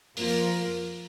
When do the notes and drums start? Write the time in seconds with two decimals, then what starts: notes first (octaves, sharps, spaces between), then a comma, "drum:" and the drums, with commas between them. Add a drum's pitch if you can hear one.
0.17 F2 F3 A#3 F4 A#4, drum: open hi-hat